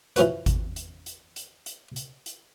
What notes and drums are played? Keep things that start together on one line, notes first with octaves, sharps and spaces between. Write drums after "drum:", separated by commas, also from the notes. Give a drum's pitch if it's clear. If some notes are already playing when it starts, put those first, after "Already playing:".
E3 F3 C#4 F#4 B4, drum: hi-hat
drum: kick G#1, hi-hat
drum: hi-hat
drum: hi-hat
drum: hi-hat
drum: hi-hat
drum: hi-hat
drum: hi-hat